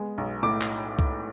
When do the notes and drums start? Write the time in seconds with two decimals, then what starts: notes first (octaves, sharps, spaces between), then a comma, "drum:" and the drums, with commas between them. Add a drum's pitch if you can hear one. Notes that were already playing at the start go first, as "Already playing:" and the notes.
Already playing: G#3 B3
0.18 B1
0.42 A2 D6
0.61 drum: clap
0.99 drum: kick C2